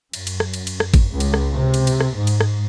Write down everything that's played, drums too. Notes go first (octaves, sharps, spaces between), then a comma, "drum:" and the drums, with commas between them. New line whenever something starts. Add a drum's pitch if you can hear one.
F#2, drum: cymbal
drum: cymbal
drum: rim click
drum: cymbal
drum: cymbal
drum: rim click
drum: kick G#1, cymbal
C#2
drum: cymbal
drum: rim click
C3
drum: cymbal
drum: cymbal
drum: rim click
G#2
drum: cymbal
drum: rim click